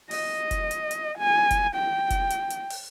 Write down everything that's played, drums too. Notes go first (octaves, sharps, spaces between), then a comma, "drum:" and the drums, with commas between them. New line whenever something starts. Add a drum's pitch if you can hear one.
D#5, drum: open hi-hat
drum: kick F1, hi-hat
drum: hi-hat
drum: hi-hat
G#5
drum: kick F1, hi-hat
G5
drum: kick F1, hi-hat
drum: hi-hat
drum: hi-hat
drum: open hi-hat